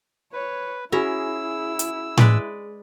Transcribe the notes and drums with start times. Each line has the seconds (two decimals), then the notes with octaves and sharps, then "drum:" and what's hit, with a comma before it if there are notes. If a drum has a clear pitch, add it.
0.33 B4 C#5
0.92 C#4 E4 F#4 G#4 A#4 B5 E6
1.79 drum: hi-hat
2.17 G#3 B4 D5, drum: tom A2